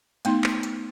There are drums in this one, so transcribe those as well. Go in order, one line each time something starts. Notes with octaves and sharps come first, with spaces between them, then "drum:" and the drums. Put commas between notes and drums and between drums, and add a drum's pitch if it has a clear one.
A3 B3 D#4 C6, drum: hi-hat
drum: clap
drum: hi-hat